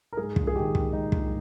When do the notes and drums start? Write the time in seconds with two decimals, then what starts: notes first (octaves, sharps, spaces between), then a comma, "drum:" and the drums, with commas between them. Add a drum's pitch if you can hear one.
0.13 A#4
0.17 G#2 G#4
0.36 A#1, drum: kick
0.47 G#4
0.56 D#3 G4
0.75 A#1, drum: kick
0.93 G#2 D#4
1.12 A#1, drum: kick